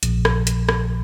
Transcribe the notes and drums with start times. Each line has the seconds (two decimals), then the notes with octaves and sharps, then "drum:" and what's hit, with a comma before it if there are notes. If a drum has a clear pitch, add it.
0.03 A#1 A#2 F3, drum: hi-hat
0.25 drum: rim click
0.47 drum: hi-hat
0.69 drum: rim click